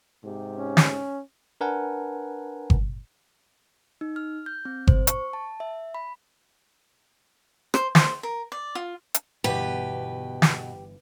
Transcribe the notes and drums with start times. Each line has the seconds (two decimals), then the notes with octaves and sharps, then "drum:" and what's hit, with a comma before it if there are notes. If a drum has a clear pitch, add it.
0.24 G#2 C3 G4
0.58 C#4
0.77 drum: snare
1.61 D4 A#4 B4 F#5 G#5 A5
2.70 drum: kick G1
4.01 D#4
4.16 F6
4.46 G6
4.65 C4
4.87 C5, drum: kick G1
5.07 C#6, drum: hi-hat
5.33 A5
5.60 E5
5.94 B5
7.74 C5, drum: rim click
7.95 C5, drum: snare
8.23 A#4
8.52 D5
8.75 F4
9.14 drum: hi-hat
9.44 G1 B2 E3 G4 B4
10.42 drum: snare